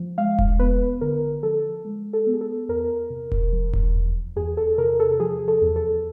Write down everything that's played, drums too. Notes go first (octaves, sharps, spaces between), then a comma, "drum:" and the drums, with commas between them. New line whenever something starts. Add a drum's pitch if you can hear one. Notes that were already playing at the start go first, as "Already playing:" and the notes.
Already playing: F3
G#3 F5
drum: kick E1
B3 B4
D3 A#4
F3 A4
G#3
A4
B3
G#4
A4
E2 A#4
C3
drum: kick E1
F3
drum: kick E1
E2
E2 G#4
A4
C3 A#4
A4
F3 G#4
A4
E2
A4